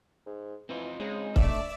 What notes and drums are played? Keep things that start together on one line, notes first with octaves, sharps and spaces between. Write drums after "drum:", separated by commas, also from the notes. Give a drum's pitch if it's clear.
G#2
E3 C4 D#4 F4
C#3 G#3 C4 D#4
A3 D4 D5 E5, drum: kick C#1